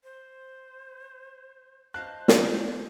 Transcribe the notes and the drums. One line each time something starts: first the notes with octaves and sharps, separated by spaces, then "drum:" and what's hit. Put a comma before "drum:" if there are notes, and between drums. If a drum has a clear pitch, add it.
C5
C5 D#5 F5 A5 F#6
drum: snare